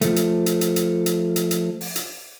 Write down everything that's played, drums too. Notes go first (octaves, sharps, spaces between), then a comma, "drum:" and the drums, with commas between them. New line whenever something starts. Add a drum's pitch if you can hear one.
F3 A3, drum: hi-hat
drum: hi-hat
drum: hi-hat
drum: hi-hat
drum: hi-hat
drum: hi-hat
drum: hi-hat
drum: hi-hat
drum: open hi-hat
drum: hi-hat